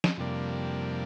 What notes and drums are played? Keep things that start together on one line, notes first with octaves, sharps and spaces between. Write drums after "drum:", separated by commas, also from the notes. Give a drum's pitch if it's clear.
drum: snare
F2 C3 G3 A#3 D4